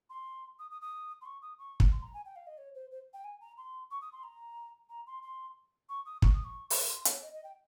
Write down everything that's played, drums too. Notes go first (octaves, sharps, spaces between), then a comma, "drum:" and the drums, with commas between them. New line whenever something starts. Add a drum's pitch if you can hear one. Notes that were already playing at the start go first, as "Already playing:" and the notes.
C6
D#6
D#6
D#6
C6
C#6
D#6
C#6
drum: kick
C6
A#5
G#5
G5
F5
D#5
C#5
C5
C5
G5
G#5
A#5
C6
C#6
D#6
C6
A#5
A#5
C6
C6
C#6
D#6
C#6, drum: kick
D#6
C#6
drum: open hi-hat
C6
C#5, drum: hi-hat
D#5
D#5
G5